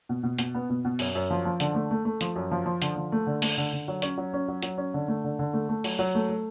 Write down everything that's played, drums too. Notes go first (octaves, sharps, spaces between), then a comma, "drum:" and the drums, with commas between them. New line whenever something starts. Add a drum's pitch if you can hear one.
B2
B2
B2, drum: hi-hat
B3
B2
B2
F#2, drum: open hi-hat
F#2
F3
F3
D3, drum: hi-hat
A3
A3
A3
F3, drum: hi-hat
F#2
F3
F3
D3, drum: hi-hat
F3
A3
D3
A3, drum: open hi-hat
D3
D3
F#3
C#4, drum: hi-hat
F#3
C#4
F#3
F#3, drum: hi-hat
C#4
D3
A3
D3
D3
A3
A3
F#3, drum: open hi-hat
F#3
A3
A3